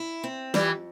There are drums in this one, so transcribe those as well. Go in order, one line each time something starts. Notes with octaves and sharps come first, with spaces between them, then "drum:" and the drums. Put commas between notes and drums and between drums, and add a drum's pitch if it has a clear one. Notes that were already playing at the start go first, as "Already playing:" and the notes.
Already playing: E4
C4
F2 E3 G3, drum: snare